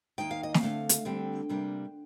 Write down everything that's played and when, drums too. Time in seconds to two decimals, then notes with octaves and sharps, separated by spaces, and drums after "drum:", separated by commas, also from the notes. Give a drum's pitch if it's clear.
0.18 D#2 D#3 A#3 D#4 G5
0.31 F5
0.43 D#5
0.54 F5, drum: snare
0.62 D3 A3 C4
0.89 drum: hi-hat
1.05 D3 G3 C4 G5
1.49 C3 G3 A#3 D4